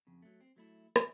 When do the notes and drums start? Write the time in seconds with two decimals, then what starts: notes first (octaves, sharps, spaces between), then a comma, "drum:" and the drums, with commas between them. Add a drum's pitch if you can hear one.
0.07 F2 C#3
0.22 F#3 A3
0.41 C4
0.56 F#3 A3 E4
0.96 E2 A2 E3 G#4 D5 E5, drum: rim click